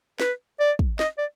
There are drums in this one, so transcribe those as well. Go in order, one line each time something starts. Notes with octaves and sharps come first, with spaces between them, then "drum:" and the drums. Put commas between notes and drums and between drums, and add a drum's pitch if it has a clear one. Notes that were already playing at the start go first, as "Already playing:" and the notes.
B4, drum: snare
D5
drum: kick
D#5, drum: snare
D5